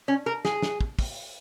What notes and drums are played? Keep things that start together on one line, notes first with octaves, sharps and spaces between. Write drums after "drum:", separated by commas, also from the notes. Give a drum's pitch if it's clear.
C#4
A#4
G#4, drum: snare
drum: snare
drum: kick
drum: kick, open hi-hat